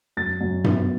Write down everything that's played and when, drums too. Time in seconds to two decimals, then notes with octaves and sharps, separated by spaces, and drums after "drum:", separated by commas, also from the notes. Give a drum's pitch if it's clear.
0.17 F#2 A6
0.41 F#2
0.64 B3, drum: tom G2